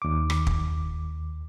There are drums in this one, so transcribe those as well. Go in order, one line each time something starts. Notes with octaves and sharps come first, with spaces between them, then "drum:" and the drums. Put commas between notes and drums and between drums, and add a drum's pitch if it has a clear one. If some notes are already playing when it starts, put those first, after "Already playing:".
D#2 D6
drum: rim click
drum: kick